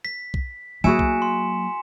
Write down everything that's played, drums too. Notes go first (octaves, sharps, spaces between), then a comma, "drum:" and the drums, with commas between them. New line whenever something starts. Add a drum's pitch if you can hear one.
B6
drum: kick
F#3 A#3 E4 F#4 G#4 G#5 C#7 E7
drum: kick
C6